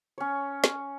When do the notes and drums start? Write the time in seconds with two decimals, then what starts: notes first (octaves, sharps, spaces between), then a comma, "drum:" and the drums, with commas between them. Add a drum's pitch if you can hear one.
0.18 C#4 C#5
0.64 drum: snare